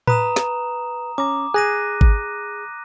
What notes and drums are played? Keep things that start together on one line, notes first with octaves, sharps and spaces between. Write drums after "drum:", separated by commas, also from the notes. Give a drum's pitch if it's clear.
B4 A#5 D#6 E7, drum: tom A2
drum: snare
C#4 A#5 D6
G#4 F#6 A#6 D#7
drum: kick G#1